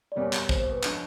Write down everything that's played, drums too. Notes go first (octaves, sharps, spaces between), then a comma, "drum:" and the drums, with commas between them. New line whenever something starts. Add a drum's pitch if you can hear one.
D5
F#1 E2 B2 G3 A#3 C#5
drum: clap
C5, drum: kick
C5
B4
D3 F3 G#3 C#4, drum: clap